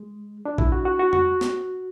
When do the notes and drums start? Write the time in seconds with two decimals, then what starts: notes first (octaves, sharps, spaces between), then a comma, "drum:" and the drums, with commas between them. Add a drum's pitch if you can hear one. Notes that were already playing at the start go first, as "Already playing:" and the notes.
Already playing: G#3
0.45 D4
0.58 E4, drum: kick
0.72 F#4
0.85 F#4
0.99 F#4
1.13 F#4, drum: tom F2
1.41 drum: snare